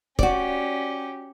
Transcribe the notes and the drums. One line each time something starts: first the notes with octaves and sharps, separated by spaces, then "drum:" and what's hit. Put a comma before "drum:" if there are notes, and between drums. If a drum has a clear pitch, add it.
C#4 F#4 G4 D5, drum: kick